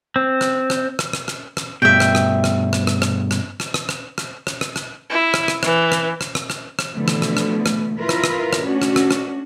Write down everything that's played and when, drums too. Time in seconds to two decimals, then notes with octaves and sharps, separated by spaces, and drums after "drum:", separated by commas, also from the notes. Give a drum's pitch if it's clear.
0.16 C4
0.41 drum: rim click
0.70 drum: rim click
0.99 drum: rim click
1.13 drum: rim click
1.28 drum: rim click
1.57 drum: rim click
1.82 G2 B2 E5 G5
2.00 drum: rim click
2.15 drum: rim click
2.44 drum: rim click
2.73 drum: rim click
2.87 drum: rim click
3.02 drum: rim click
3.31 drum: rim click
3.60 drum: rim click
3.74 drum: rim click
3.89 drum: rim click
4.18 drum: rim click
4.47 drum: rim click
4.61 drum: rim click
4.76 drum: rim click
5.10 E4
5.34 drum: rim click
5.48 drum: rim click
5.63 E3, drum: rim click
5.92 drum: rim click
6.21 drum: rim click
6.35 drum: rim click
6.50 drum: rim click
6.79 drum: rim click
6.95 B2 D3 E3 F3 A3 B3
7.08 drum: rim click
7.22 drum: rim click
7.37 drum: rim click
7.66 drum: rim click
8.00 E4 F4 A#4 B4
8.09 drum: rim click
8.24 drum: rim click
8.53 drum: rim click
8.64 A3 C#4 D4 F#4
8.82 drum: rim click
8.96 drum: rim click
9.11 drum: rim click